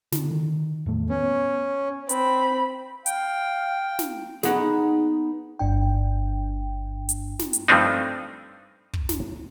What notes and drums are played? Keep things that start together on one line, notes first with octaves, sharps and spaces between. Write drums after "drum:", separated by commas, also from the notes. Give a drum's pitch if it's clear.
D3, drum: snare
D#3
E2 A2 A3
B3 C#4
C4 B5, drum: hi-hat
F5 G5, drum: hi-hat
drum: snare
B3 D#4 G#4 F#5, drum: snare
G1 G2 D4 G5
drum: hi-hat
drum: snare
drum: hi-hat
G2 F3 A3 C4 D4 D#4
drum: kick
drum: snare